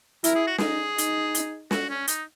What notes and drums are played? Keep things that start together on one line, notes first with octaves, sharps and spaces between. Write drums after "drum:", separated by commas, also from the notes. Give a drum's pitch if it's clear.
E4 A#4, drum: hi-hat
G#4
F#4
D#4 G#4, drum: snare
D#4, drum: hi-hat
drum: hi-hat
F#4, drum: snare
C#4
D#4, drum: hi-hat